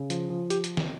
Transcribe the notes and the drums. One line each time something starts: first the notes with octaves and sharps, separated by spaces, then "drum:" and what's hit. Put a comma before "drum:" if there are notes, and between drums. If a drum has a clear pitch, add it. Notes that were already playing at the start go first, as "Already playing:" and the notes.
Already playing: C#3
F3, drum: hi-hat
F3
G4, drum: hi-hat
drum: hi-hat
drum: snare